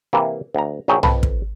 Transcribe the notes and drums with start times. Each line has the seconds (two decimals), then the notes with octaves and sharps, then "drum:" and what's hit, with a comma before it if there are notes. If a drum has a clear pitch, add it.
0.13 C3 E3 A#3
0.55 D2 A#5
0.88 A#1 F#3 C#4 G#4 G5
1.03 F2 A4 B4, drum: tom B1
1.23 drum: kick